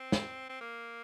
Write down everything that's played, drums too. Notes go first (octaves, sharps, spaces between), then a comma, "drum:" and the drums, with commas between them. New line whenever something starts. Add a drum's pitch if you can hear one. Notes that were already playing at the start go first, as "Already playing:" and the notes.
Already playing: C4
drum: snare
C4
A#3